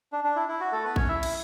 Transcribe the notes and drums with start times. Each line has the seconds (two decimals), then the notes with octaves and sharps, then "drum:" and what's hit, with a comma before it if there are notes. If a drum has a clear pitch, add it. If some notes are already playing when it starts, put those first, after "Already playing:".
0.13 D4
0.24 D4
0.36 E4
0.49 E4
0.61 F#4
0.72 A3 A4
0.85 B3 B4
0.96 C#4 C#5, drum: kick A1
1.08 E4 E5
1.23 drum: cymbal